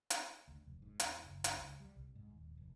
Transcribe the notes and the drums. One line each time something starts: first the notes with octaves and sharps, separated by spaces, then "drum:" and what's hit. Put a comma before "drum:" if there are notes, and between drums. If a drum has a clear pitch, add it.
drum: hi-hat
D2
F1
G#2
E2, drum: hi-hat
F#1
drum: hi-hat
C#2
G3
C2
G#2
D#1
F1